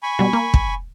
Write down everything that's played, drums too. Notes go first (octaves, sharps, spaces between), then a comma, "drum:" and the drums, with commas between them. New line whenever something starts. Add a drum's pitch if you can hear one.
G#5 B5 C#6
B2 G3
A#3
drum: kick